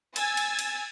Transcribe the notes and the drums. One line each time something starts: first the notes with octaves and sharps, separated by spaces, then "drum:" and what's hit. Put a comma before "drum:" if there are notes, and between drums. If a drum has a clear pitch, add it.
G#5 E6 G#6 A6, drum: cymbal
drum: cymbal
drum: cymbal